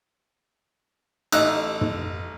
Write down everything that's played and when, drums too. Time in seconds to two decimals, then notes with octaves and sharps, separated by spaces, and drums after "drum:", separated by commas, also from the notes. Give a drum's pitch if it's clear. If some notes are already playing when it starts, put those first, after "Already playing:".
1.32 A1 D#4 E6 F#6, drum: cymbal
1.81 drum: tom